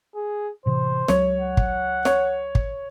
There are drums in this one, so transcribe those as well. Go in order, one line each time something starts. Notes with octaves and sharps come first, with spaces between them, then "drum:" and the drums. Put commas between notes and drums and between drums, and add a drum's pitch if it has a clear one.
G#4
A2 C3 E3 C5
C#2 F#3 C#5, drum: snare
F#5
drum: kick
C#5, drum: snare
drum: kick